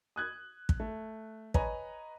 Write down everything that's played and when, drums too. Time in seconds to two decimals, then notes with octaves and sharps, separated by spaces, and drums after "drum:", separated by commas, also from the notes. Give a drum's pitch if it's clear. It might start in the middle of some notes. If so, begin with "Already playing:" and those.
0.16 D#6 F#6 G#6
0.69 drum: kick
0.80 A3
1.54 B4 C#5 D#5 G#5 A#5, drum: kick